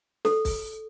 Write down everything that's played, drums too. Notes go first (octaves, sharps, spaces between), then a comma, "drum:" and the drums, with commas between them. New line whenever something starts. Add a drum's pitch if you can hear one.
A4, drum: snare
drum: kick, open hi-hat